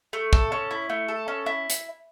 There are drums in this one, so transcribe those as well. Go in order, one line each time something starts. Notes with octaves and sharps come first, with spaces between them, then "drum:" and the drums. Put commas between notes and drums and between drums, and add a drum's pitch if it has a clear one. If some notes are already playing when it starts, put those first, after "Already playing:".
A3
A4, drum: kick
C#4
E4
A3
A4
C#4
E4
drum: hi-hat